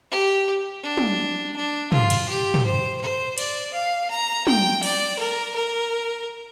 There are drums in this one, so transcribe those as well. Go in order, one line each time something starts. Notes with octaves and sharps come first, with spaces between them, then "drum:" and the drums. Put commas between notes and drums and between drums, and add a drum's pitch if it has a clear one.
G4
D4
drum: tom
D4
F4, drum: tom
drum: cymbal
G4
drum: tom
C5
C5
D5, drum: cymbal
F5
A#5
G5, drum: tom
D5, drum: cymbal
A#4
A#4